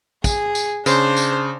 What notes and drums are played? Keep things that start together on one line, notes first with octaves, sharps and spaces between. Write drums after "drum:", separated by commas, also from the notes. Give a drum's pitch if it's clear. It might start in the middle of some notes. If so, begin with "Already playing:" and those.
G#4, drum: kick, tambourine
drum: tambourine
C#3 D4 C5, drum: tambourine
drum: tambourine